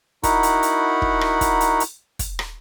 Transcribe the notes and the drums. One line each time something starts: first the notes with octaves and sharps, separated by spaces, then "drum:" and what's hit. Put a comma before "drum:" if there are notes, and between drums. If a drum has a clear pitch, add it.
D#4 E4 F#4 A#4 F#5 B5, drum: kick, hi-hat
drum: hi-hat
drum: hi-hat
drum: kick
drum: rim click
drum: kick, hi-hat
drum: hi-hat
drum: hi-hat
drum: kick, hi-hat
drum: rim click